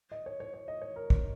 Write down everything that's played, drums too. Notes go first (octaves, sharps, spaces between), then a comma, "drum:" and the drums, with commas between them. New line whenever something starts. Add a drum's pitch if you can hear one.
D#5
C#5
C#5
C#5
D#5
C#5
A#4
drum: kick